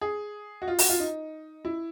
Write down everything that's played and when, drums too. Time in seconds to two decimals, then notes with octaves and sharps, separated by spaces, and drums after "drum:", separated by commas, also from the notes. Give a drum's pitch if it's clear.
0.01 G#4
0.62 F#4
0.68 F4
0.79 F#4, drum: open hi-hat
0.89 F4
1.00 D#4
1.65 E4